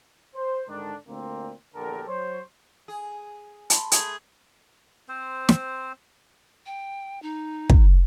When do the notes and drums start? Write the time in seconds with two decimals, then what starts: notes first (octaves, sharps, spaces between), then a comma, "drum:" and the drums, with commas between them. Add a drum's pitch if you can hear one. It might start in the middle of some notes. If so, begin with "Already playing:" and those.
0.35 C5
0.68 G#2 D3 D#3 D4
1.07 D2 A#2 A#3 C4
1.75 A#1 E2 D3 G4 A4 A#4
2.08 F#3 C5 C#5
2.88 G#4
3.70 A5 B5 C6, drum: hi-hat
3.92 A3 G#4, drum: hi-hat
5.09 C4 C5
5.49 drum: snare
6.66 G5
7.22 D#4
7.69 drum: kick